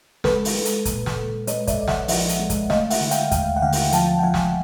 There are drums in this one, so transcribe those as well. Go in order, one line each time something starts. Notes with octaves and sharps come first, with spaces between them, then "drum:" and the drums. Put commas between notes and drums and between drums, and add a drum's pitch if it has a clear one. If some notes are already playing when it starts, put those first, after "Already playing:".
G#3 A4 B4, drum: snare
drum: open hi-hat
G#3
drum: hi-hat
A#2, drum: kick, hi-hat
drum: snare
A#2
G#3 C#5 D#5, drum: hi-hat
D5 E5, drum: kick, hi-hat
A#1
E5 F#5, drum: snare
F3 E5 F#5, drum: open hi-hat
drum: hi-hat
G#3
drum: kick, hi-hat
A3 D#5 F5, drum: snare
E5 F#5, drum: open hi-hat
D3
F5 G5, drum: hi-hat
D#2 F5 G5, drum: kick, hi-hat
F#5
D3 F5 G5
drum: open hi-hat
F3 G5 A5, drum: hi-hat
G5
F3 F#5 G#5
drum: snare